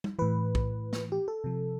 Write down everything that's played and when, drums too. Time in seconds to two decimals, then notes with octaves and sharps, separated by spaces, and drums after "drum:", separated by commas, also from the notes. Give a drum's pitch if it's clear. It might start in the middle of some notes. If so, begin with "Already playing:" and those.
0.04 drum: tom
0.19 A2 E3 B4
0.55 drum: kick
0.93 drum: snare
1.12 G4
1.28 A4
1.44 C3 F3